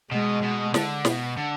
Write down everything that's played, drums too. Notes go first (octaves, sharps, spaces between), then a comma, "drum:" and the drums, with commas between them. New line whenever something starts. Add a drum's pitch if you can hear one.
B2 G#3
B2
D3, drum: snare
B2, drum: snare
D3